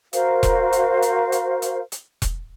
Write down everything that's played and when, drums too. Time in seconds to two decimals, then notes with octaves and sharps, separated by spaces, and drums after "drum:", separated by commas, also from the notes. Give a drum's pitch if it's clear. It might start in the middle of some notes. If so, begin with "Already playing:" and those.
0.13 F#4 A#4 C5 F5, drum: hi-hat
0.43 drum: kick E1, hi-hat
0.73 drum: hi-hat
1.02 drum: hi-hat
1.32 drum: hi-hat
1.62 drum: hi-hat
1.92 drum: hi-hat
2.22 drum: kick E1, hi-hat